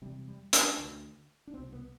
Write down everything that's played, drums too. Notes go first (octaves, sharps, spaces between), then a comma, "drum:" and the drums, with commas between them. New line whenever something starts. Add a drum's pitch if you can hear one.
E2 C3 G3
G3
D4, drum: hi-hat
D2 D3
D4
C2 B2 C4
B3